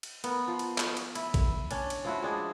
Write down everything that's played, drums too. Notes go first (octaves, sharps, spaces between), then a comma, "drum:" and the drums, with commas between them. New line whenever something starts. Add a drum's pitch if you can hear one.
drum: cymbal
B3 A#4, drum: cymbal
F3
drum: cymbal
drum: clap
drum: cymbal
E4, drum: cymbal
drum: kick, cymbal
C#4 D4, drum: cymbal
drum: cymbal
F3 E4 F#4
G#3 D4 G#4 D#5